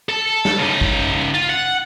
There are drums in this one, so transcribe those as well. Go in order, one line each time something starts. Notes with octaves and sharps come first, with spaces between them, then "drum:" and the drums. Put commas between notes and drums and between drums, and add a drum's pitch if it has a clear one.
A4 A5
drum: snare
C#3 D#4
drum: kick
F4
F#5